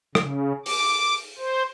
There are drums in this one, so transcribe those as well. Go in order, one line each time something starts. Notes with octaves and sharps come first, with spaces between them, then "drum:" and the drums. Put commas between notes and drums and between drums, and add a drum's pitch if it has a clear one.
C#3, drum: rim click
D6, drum: open hi-hat
C5